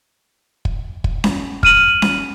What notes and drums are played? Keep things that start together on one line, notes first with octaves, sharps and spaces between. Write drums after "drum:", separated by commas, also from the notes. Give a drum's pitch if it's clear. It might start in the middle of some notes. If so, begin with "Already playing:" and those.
drum: kick
drum: kick
drum: snare C#4
F6 D#7 F#7, drum: kick
drum: snare C#4